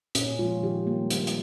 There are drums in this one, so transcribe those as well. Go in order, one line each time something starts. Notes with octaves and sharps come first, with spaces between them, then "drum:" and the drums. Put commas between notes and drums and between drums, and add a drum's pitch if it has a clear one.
A#2 C#4, drum: hi-hat
F3 G#3 F4
D#3 G4
G3 A#3
D#3, drum: hi-hat
drum: hi-hat